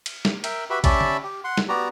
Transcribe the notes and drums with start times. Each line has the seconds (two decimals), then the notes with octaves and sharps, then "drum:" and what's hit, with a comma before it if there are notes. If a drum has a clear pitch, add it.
0.06 drum: cymbal
0.25 drum: snare
0.44 A#4 E5 G5, drum: cymbal
0.70 F#4 G4 B4 E5 B5
0.84 C#4 G4 D5 E5 A5 B5, drum: kick, cymbal
1.01 drum: tom
1.23 G4
1.44 F#5 C6
1.57 drum: snare
1.69 B3 F#4 G4 D5 A#5